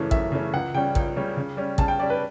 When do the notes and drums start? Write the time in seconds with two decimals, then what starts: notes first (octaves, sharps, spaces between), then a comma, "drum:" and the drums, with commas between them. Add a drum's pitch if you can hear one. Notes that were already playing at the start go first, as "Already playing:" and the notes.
Already playing: F#2 C#3 E3 A3 C#4
0.11 F#2 E5, drum: kick
0.32 C#3 E3 A3 C#4
0.54 C#2 F#5
0.74 C#3 G3 C#4 G5
0.95 C#2, drum: kick
1.16 C#3 G3 C#4
1.37 C#3
1.57 G3 C#4
1.78 C#3 A5, drum: kick
1.88 G5
2.00 G3 C#4 D5
2.10 B4